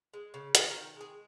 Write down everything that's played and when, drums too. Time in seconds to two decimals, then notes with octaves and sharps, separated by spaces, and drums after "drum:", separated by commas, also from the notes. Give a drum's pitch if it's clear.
0.14 G#3
0.34 C#3
0.55 D#3 G#4, drum: hi-hat
0.70 A#4
0.76 D#3
0.96 G#3 G#4